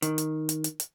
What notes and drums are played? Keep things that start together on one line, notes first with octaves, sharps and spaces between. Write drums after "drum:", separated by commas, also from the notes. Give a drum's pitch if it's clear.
D#3, drum: hi-hat
drum: hi-hat
drum: hi-hat
drum: hi-hat
drum: hi-hat